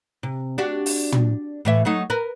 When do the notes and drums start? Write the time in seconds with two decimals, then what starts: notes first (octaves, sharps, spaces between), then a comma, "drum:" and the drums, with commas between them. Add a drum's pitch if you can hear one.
0.23 C3
0.58 D4 F#4 G4
0.86 drum: open hi-hat
1.12 drum: tom
1.65 A2 E3 E5
1.85 F#3 A3 D#4
2.10 A#4 B4